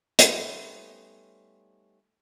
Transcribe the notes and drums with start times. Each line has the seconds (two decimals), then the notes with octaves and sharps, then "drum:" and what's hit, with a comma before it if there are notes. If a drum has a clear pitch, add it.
0.19 G3 A3 B3 C#4 D#4 C5, drum: hi-hat